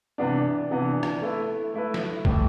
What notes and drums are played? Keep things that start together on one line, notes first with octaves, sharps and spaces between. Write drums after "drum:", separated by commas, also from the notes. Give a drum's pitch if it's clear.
C3 E3 B3 D4
C3 E3 B3 D4
drum: rim click
A3 E4 B4
A3 E4 B4
drum: snare
A2 E3 G3, drum: kick